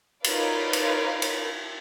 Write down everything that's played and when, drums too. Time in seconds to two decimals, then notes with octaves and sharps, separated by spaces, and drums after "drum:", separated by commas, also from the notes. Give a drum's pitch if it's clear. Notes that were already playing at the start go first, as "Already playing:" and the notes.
0.24 D#4 F4 A#4 B4 C#5 D5, drum: cymbal
0.73 drum: cymbal
1.22 drum: cymbal